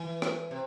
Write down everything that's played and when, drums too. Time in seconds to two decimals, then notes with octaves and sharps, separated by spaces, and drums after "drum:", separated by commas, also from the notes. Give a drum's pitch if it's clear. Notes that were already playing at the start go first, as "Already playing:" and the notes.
Already playing: E3
0.22 drum: rim click
0.51 C3